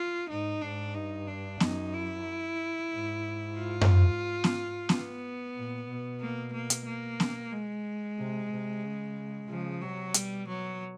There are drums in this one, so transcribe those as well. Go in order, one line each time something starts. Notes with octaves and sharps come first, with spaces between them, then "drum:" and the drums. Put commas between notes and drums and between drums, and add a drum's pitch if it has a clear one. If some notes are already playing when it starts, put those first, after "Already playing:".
Already playing: F4
G#2 D#4
G#2 D4
G2 D#4
D4
F#2 D#4, drum: snare B3
E4
G#2
F4
drum: tom F#2
drum: snare B3
B3, drum: snare B3
A#2
B2
A#3
A#3
drum: hi-hat
A#3
drum: snare B3
G#3
C3
C3
C#3
C#3 F3
C3 F#3
B2 G3, drum: hi-hat
F#3